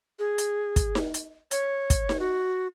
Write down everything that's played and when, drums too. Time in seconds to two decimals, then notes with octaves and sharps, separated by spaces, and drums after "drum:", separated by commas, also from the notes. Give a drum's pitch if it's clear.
0.19 G#4
0.38 drum: hi-hat
0.76 drum: kick, hi-hat
0.95 drum: snare D#4
1.14 drum: hi-hat
1.51 C#5, drum: hi-hat
1.90 drum: kick, hi-hat
2.09 drum: snare D#4
2.20 F#4